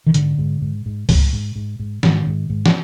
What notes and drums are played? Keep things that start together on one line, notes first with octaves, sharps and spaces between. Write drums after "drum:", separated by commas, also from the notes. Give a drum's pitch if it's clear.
D#3
G#2 D3, drum: hi-hat
G#2
G#2
G#2
G#2, drum: kick C#2, open hi-hat
G#2
G#2
G#2
G#2 D#3, drum: snare
G#2
G#2
drum: snare